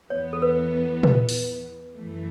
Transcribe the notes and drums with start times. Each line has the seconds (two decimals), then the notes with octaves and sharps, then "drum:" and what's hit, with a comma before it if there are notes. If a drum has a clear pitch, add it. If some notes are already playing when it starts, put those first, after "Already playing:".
0.10 E2 E3 B3 C#5
0.33 A4
0.42 B4
1.03 B4, drum: tom
1.29 drum: open hi-hat
1.96 F#2 E3 A3